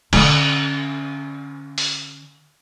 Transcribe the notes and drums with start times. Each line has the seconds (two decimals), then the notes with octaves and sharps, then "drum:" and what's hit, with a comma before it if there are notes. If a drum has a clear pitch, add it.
0.13 D3 C#4, drum: cymbal
1.78 drum: open hi-hat